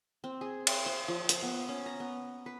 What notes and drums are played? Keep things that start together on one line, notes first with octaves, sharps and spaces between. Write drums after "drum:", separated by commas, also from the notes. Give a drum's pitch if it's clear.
C4
G#4
drum: cymbal
C5
F3
C5, drum: hi-hat
B3
C#4
A#5
B3
B4